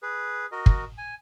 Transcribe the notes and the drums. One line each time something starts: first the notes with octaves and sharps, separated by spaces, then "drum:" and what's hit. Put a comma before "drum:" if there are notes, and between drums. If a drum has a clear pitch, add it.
G#4 B4
F#4 A#4 D#5
drum: kick
G#5